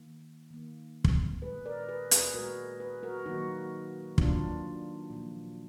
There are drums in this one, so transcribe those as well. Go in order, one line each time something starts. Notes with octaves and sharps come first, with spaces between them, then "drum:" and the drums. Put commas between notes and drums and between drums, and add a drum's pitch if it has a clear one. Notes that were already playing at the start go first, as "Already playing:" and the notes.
Already playing: D#3 A#3
D#3 A#3
drum: kick
A#2 G#3 G#4 B4
A#4 D5
G#4 B4
G#4 B4, drum: hi-hat
A#2 G#3 F#4 A#4
G#4 B4
F#4 A#4
D#3 F#3 A#3 D#4 F#4
D#3 F#3 A#3 D4 F4, drum: kick
A#2 F3 A#3